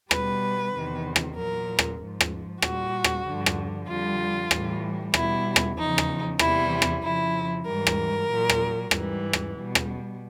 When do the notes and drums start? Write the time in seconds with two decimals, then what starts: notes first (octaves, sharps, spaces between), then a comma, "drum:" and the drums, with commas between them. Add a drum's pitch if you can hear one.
0.11 B2 G3 B4, drum: rim click
0.73 E2 C3 D#3
1.16 drum: rim click
1.37 A#2 F#3 A#4
1.79 drum: rim click
2.00 G#2 F3
2.21 drum: rim click
2.62 A#2 G3 F#4, drum: rim click
3.04 drum: rim click
3.26 G2 D3 F3
3.46 drum: rim click
3.88 F2 D3 G3 F4
4.51 A2 E3 G3, drum: rim click
5.14 B2 G3 E4, drum: rim click
5.56 drum: rim click
5.77 E2 C#3 F3 D#4
5.98 drum: rim click
6.39 E2 C3 E3 G3 E4, drum: rim click
6.82 drum: rim click
7.02 F2 C#3 F3 E4
7.65 G#2 E3 G3 A#4
7.87 drum: rim click
8.29 A#2 F#3
8.49 drum: rim click
8.91 G#2 E3 G3, drum: rim click
9.33 drum: rim click
9.55 B2 G3
9.75 drum: rim click